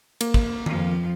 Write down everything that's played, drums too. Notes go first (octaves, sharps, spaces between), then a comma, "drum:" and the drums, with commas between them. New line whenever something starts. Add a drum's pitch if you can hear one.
A#3, drum: cymbal
drum: kick
F2 F3, drum: tom D#3